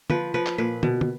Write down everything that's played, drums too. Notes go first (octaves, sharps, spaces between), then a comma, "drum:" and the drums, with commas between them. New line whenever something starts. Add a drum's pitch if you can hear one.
F3 B4, drum: tom
F3 B4
drum: clap
A#2 B4
B2, drum: tom
drum: tom